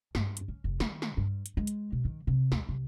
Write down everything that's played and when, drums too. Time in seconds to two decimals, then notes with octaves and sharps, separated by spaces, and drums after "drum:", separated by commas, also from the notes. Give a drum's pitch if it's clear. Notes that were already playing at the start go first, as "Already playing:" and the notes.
0.15 G2, drum: snare
0.37 drum: hi-hat
0.48 C#4
0.64 F1
0.80 D#3, drum: snare
1.02 drum: snare
1.17 G2
1.46 drum: hi-hat
1.57 G#3
1.67 drum: hi-hat
1.92 B2
2.05 D#3
2.27 C3
2.52 D#2, drum: snare
2.69 C2